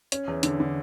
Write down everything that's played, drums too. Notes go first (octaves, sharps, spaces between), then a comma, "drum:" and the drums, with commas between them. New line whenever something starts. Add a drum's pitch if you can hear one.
C#4, drum: hi-hat
E2
D3, drum: hi-hat
D3